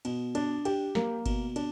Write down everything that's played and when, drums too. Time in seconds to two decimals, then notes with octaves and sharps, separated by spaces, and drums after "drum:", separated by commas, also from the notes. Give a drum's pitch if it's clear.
0.05 B2, drum: cymbal
0.35 D4, drum: cymbal
0.65 G4, drum: cymbal
0.95 A#3, drum: snare
1.26 B2, drum: kick G1, cymbal
1.56 D4, drum: cymbal